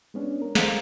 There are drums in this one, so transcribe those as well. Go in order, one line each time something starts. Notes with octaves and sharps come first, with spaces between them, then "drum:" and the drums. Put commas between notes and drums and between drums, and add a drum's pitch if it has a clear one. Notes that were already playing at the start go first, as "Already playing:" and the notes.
G#3 B3 C#4 D4
A#4
G#4 A4 C5 F5 F#5 A#5, drum: snare